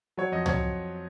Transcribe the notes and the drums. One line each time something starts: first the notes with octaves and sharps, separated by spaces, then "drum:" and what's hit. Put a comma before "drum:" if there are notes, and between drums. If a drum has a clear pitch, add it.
F#3 C#5
F2 D#5
C#5, drum: tom C#2